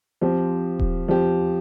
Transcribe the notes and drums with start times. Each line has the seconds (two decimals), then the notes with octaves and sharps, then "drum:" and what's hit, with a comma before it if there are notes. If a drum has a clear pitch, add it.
0.21 F3 C4 G4
0.79 drum: kick D#1
1.08 F3 C4 G4